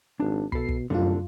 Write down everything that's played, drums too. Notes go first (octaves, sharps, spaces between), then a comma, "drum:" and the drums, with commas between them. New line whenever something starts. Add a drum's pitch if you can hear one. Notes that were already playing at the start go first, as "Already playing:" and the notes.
G#1 D4
B2 A4 B5 C7, drum: kick
drum: kick
C2 F#2 D3 A3 D4 F4